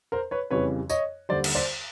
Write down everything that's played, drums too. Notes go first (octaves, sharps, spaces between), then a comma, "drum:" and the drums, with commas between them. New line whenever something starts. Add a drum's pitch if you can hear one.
A#4 C5
B4 C#5
F2 C#3 E3 G3 B4 C#5
C#5 D#5, drum: tambourine
D#2 D3 G3 C5 D5
drum: cymbal
C5 D5